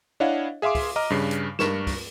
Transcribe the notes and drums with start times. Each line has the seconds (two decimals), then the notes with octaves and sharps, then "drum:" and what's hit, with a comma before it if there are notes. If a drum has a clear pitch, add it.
0.20 D4 E4 C#5 D#5 F5 F#5
0.62 G#4 E5 F5 C6 D6
0.75 drum: kick, open hi-hat
0.96 D#5 A#5 D6 F6
1.10 G2 C#3 C7
1.31 drum: hi-hat
1.59 G2 A#4 C#6 E7, drum: snare
1.87 drum: kick, open hi-hat